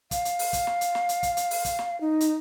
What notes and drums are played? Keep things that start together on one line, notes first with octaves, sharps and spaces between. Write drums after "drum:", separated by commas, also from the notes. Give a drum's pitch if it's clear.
F5, drum: kick, hi-hat
drum: hi-hat
drum: open hi-hat
drum: kick, hi-hat
drum: snare
drum: hi-hat
drum: snare
drum: hi-hat
drum: kick, hi-hat
drum: hi-hat
drum: open hi-hat
drum: kick, hi-hat
drum: snare
D#4
drum: hi-hat